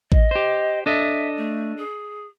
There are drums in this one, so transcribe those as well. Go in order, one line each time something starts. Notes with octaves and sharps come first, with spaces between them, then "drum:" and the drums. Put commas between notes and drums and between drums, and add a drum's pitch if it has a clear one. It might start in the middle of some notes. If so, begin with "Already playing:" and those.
D#5, drum: kick A1
G4 C5
D4 A4 D#5 E5
A3
G#4